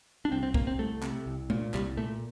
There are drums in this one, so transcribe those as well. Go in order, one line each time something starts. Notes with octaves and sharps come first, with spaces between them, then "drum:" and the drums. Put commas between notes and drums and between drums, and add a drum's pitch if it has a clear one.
D4
C2 C4
C4
C3 A#3, drum: kick
C4
C2 A3
C3, drum: clap
C2
A#2, drum: tom G#3
C2 G3, drum: clap
A#2 A3